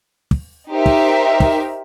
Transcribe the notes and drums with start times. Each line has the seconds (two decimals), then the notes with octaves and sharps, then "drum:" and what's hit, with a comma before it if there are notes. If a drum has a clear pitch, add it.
0.31 drum: kick
0.72 D#4 G4 A#4 C5 E5
0.86 drum: kick
1.40 drum: kick